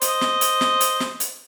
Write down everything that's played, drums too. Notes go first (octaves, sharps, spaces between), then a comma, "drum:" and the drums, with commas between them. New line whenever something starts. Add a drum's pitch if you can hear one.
C5 D#5, drum: hi-hat
drum: snare
drum: hi-hat
drum: snare
drum: hi-hat
drum: snare
drum: hi-hat